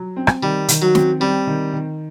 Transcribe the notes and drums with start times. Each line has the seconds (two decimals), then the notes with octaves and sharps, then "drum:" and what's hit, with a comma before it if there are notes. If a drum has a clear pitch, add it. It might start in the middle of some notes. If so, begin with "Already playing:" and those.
Already playing: F#3
0.16 C4
0.27 drum: rim click
0.42 D#3 G3
0.68 D#3, drum: hi-hat
0.82 F#3
0.95 C4, drum: snare
1.20 G3 C4
1.47 D#3
1.73 D#3